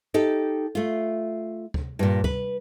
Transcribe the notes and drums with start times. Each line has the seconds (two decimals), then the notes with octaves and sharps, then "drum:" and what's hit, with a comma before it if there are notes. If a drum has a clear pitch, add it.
0.14 D#4 G4 A4
0.75 A3 F4
1.74 drum: kick
1.99 G2 A#2
2.24 B4, drum: kick